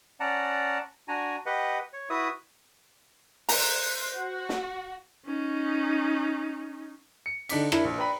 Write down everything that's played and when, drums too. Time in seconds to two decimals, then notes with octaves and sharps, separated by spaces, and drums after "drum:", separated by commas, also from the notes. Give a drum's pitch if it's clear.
0.20 C#4 D5 F#5 A5 A#5
1.08 D4 F#4 G#5 A#5
1.46 G4 B4 D#5 F#5
1.93 C#5
2.10 E4 F#4 B4 E5 D#6
3.49 C5 A#5 F#6, drum: open hi-hat
4.16 F#4
4.49 drum: snare
5.26 C#4 D#4
7.26 C#7
7.49 D3 D4 D#4 D6 B6, drum: cymbal
7.72 D4 E4 A#4, drum: rim click
7.85 A#1
7.98 B4 D5 G5 A#5 B5